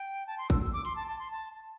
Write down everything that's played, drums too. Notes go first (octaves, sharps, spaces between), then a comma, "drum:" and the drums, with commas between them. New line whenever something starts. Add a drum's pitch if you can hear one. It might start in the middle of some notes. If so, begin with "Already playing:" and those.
Already playing: G5
A5
C6
E6, drum: kick A1
E6
D6
C6, drum: hi-hat
A5
A5
C6
A5